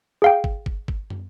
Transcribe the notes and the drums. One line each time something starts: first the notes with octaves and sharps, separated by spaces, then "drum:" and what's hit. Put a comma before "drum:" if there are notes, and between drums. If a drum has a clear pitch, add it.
G#4 F5 G5
drum: kick
drum: kick
drum: kick
drum: tom